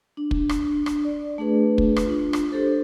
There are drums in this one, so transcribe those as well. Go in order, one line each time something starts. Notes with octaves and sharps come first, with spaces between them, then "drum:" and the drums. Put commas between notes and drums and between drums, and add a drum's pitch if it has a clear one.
D4
drum: kick
drum: rim click
drum: rim click
D5
A3 D4 G#4 B4
drum: kick
drum: rim click
D4 F4
drum: rim click
D4 G4 A4 C5